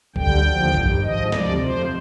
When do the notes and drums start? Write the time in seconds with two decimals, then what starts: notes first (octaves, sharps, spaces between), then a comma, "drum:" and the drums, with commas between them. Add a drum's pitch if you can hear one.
0.16 D2 D3 G3 G5, drum: kick A#1
0.45 D#2 D3 F3
0.74 G2 D#3 G3, drum: kick A#1
1.03 G#2 F3 D#5
1.32 D2 C3 F3 D5, drum: snare
1.61 F2 C3 F3 C5